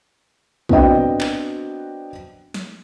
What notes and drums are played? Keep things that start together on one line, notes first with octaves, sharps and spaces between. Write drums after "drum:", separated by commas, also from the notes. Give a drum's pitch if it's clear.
B3 C4 D4 F#4 D#5 G5, drum: kick
drum: tom
drum: clap
drum: snare